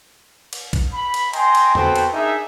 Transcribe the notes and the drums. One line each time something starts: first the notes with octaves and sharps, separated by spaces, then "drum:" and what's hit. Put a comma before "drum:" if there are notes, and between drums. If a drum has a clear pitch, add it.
drum: cymbal
drum: kick, cymbal
B5
drum: cymbal
D#5 G5 G#5 A#5 C6, drum: cymbal
drum: cymbal
B3 C4 F#4 A4 C5 G5, drum: tom E2
drum: cymbal
D4 D#4 G#4 A#4 E5